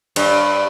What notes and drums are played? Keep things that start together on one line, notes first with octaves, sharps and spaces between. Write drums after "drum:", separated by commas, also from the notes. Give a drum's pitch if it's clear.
G2, drum: cymbal